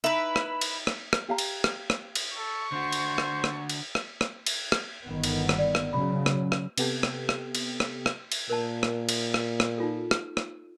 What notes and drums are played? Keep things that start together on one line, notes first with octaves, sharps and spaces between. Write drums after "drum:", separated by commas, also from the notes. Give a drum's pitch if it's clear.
D#4 E4 B4 E5
drum: rim click
drum: cymbal
drum: rim click
drum: rim click
G4 F5 A#5
drum: cymbal
drum: rim click
drum: rim click
drum: cymbal
A4 C#6
D3 F#4 C5
drum: cymbal
drum: rim click
drum: rim click
drum: cymbal
drum: rim click
drum: rim click
drum: cymbal
drum: rim click
G1 D#3 B3
drum: cymbal
drum: rim click
D5
drum: rim click
C#3 F#3 A#4 B5
drum: rim click
drum: rim click
C3 B3 G4 A4 G5, drum: cymbal
drum: rim click
drum: rim click
drum: cymbal
drum: rim click
drum: rim click
drum: cymbal
A#2 A#4 C5 A5
drum: rim click
drum: cymbal
drum: rim click
drum: rim click
D#4 F4 A4
drum: rim click
drum: rim click